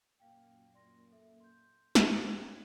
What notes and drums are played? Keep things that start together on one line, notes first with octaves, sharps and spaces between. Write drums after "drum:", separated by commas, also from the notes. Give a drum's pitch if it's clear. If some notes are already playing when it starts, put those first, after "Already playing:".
F#2 A#2 A#3 F5 G5
D5 C6 A#6
A4 E5
C6 G6
drum: snare
C5 C#5 G5 G#6